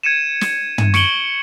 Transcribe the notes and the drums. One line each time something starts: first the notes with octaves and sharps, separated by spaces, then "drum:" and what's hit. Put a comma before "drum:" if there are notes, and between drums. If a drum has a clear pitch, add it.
G#6 C#7 D#7 E7
drum: snare
drum: tom
C#6 C#7 D7 F#7 G7, drum: snare